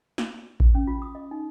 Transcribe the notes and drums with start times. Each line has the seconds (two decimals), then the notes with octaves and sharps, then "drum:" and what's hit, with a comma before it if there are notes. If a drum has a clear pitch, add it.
0.18 drum: snare
0.60 drum: kick A1
0.75 C#4
0.87 F4
1.02 D#6
1.15 D#5
1.31 D#4